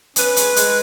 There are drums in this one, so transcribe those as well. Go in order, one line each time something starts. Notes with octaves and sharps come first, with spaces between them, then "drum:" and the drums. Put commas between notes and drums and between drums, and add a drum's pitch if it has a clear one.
C#4 B4, drum: hi-hat
G#3, drum: hi-hat
G#3, drum: hi-hat